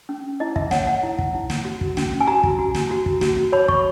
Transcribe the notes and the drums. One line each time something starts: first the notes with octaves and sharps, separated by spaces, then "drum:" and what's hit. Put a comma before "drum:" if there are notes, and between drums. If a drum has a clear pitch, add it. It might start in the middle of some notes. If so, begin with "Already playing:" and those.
C#4
E4 D#5
E5, drum: kick
C#5 F#5, drum: snare
F#5
E4
drum: kick
E4
drum: snare
F#4
drum: kick
C#4, drum: snare
G#5
F#4 A#5
drum: kick
F#4
drum: snare
F#4
drum: kick
F#4, drum: snare
C#5 B5
C#6, drum: kick